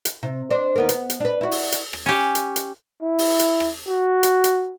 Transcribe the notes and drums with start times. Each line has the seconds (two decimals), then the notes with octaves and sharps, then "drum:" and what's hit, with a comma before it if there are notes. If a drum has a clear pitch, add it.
0.05 drum: hi-hat
0.23 C3
0.50 D4 C5
0.76 D#2 B3 A#4
0.89 B3, drum: hi-hat
1.10 drum: hi-hat
1.20 D4 B4
1.41 E4 F#4
1.51 drum: open hi-hat
1.72 drum: hi-hat
1.93 drum: rim click
2.06 C#4 G4
2.35 drum: hi-hat
2.56 drum: hi-hat
3.02 E4
3.18 drum: open hi-hat
3.39 drum: hi-hat
3.60 drum: rim click
3.87 F#4
4.23 drum: hi-hat
4.44 drum: hi-hat